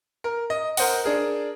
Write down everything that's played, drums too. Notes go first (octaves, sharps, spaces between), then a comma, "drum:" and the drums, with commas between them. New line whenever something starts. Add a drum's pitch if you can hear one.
A#4
D#5
A#4 C5 D#5 F#5, drum: open hi-hat
D4 G#4 A#4